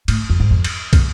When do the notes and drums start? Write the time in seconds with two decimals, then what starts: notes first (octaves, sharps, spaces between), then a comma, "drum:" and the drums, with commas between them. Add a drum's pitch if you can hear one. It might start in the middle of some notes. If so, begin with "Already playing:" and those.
0.08 A2, drum: cymbal
0.30 F2
0.40 G#2
0.51 F2
0.64 drum: cymbal
0.93 drum: kick, cymbal